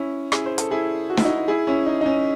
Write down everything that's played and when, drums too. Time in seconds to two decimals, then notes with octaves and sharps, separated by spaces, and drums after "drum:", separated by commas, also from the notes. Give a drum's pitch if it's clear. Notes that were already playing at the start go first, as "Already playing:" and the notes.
Already playing: C#4 E4
0.32 E4 G#4, drum: rim click
0.46 C5
0.58 A4, drum: hi-hat
0.71 E4 G#4
1.10 F#4
1.17 E4, drum: snare
1.24 D#4 F#4
1.48 E4 G#4
1.67 C#4 E4
1.86 D#4
2.01 D#4
2.06 C#4